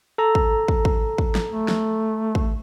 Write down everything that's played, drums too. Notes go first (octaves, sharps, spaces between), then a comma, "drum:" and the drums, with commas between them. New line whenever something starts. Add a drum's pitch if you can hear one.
A4 A#5
drum: kick
drum: kick
drum: kick
drum: kick
drum: snare
A3
drum: snare
drum: kick